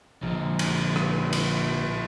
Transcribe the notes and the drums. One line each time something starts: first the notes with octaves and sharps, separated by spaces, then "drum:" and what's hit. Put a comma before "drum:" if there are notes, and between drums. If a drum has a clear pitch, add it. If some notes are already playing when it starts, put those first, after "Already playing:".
A#1 A#2 D3
drum: cymbal
drum: rim click
drum: cymbal